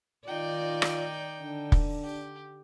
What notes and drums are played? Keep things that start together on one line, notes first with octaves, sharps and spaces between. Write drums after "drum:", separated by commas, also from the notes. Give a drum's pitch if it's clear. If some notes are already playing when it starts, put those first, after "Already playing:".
D#3 D#4 F4 D5 G5
drum: rim click
D3 D4
drum: kick
G4